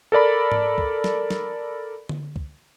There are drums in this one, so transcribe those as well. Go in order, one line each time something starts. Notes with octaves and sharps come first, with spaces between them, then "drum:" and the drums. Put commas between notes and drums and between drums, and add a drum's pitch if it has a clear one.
A4 A#4 D5 B5
drum: tom G#2
drum: kick
drum: snare
drum: snare
drum: tom D3
drum: kick